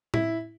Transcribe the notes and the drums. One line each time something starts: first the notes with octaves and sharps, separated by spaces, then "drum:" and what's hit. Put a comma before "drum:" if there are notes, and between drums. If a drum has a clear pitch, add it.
E4, drum: tom A2